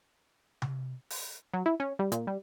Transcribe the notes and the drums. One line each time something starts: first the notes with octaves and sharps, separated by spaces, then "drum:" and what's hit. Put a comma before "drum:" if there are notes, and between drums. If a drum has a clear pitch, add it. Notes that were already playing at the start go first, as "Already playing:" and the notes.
drum: tom C3
drum: open hi-hat
F#3
E4
C#4
G3
A#2, drum: hi-hat
G3